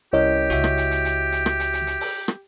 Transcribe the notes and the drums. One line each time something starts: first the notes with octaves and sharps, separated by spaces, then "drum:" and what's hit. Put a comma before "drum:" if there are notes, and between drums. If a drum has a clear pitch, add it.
C2 C#4 E4 G4 A#4 C#5 D#5
C#2 F#4 E5, drum: hi-hat
drum: rim click
drum: hi-hat
drum: hi-hat
drum: hi-hat
drum: hi-hat
drum: rim click
drum: hi-hat
drum: hi-hat
drum: hi-hat
drum: open hi-hat
drum: rim click